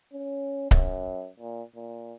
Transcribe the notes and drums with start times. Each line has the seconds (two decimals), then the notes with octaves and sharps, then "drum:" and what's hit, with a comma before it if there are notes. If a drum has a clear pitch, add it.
0.12 C#4
0.71 F#2, drum: kick C#1
1.40 A#2
1.76 A#2